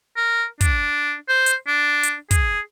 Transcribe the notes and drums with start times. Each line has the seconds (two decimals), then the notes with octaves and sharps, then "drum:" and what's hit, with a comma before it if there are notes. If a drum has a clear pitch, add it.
0.17 A#4
0.61 D4, drum: kick, hi-hat
1.29 C5
1.46 drum: hi-hat
1.67 D4
2.03 drum: hi-hat
2.31 G#4, drum: kick, hi-hat